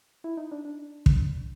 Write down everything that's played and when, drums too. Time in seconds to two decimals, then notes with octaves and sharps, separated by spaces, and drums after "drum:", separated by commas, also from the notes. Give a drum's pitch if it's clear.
0.24 E4
0.37 D#4
0.51 D4
0.65 D4
1.06 drum: kick